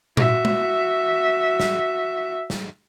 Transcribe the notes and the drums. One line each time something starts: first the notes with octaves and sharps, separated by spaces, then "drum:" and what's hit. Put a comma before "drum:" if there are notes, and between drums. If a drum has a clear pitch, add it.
F#4 E5, drum: tom A#2
drum: tom G#3
drum: snare
drum: snare